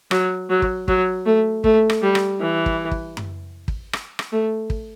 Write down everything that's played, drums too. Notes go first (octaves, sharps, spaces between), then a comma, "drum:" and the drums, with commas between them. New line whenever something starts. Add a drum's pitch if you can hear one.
F#3, drum: rim click
F#3
drum: kick
F#3, drum: kick
A3
A3, drum: kick
drum: rim click
G3
drum: rim click
E3
drum: kick
drum: kick
drum: tom F#2
drum: kick
drum: rim click
drum: rim click
A3
drum: kick